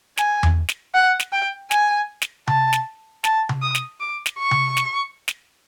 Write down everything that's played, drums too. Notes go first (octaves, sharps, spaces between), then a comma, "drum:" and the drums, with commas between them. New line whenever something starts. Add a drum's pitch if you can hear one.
G#5, drum: snare
drum: tom E2
drum: snare
F#5
drum: snare
G5
G#5, drum: snare
drum: snare
A5, drum: tom C3
drum: snare
A5, drum: snare
drum: tom C3
D#6
drum: snare
D6
drum: snare
C#6
drum: tom C3
drum: snare
drum: snare